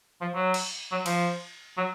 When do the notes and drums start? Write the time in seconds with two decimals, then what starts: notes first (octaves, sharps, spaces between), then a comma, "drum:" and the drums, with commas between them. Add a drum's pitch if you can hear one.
0.21 F3
0.35 F#3
0.54 drum: cymbal
0.92 F#3
1.06 F3, drum: cymbal
1.77 F#3